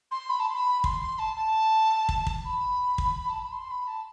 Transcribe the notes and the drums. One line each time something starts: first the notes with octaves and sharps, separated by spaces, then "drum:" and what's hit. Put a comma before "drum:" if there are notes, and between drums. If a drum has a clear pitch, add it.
C6
B5
A5
C6
B5
C6, drum: kick
C6
A5
A5
drum: kick
drum: kick
B5
drum: kick
A5
B5
C6
B5
A5